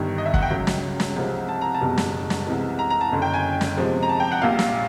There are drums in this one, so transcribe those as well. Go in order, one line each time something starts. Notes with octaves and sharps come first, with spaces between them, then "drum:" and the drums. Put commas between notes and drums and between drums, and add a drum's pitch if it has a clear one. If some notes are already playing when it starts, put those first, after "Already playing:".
Already playing: G1 G2 D#3
D#5
E5
F#5, drum: kick
G5
C#2 C#3 F#3
drum: snare
drum: snare
C2 C3 F3 G#3
A5
A#5
A5
F#1 E2 B2 G3
drum: snare
drum: snare
C2 C3 E3 G#3
A#5
A#5
A5
F#1 F#2 D3
G5
G#5
drum: snare
E2 C3 F3 G#3
A#5
A5
G5
F#5
A#1 A#2 G3 F5
drum: snare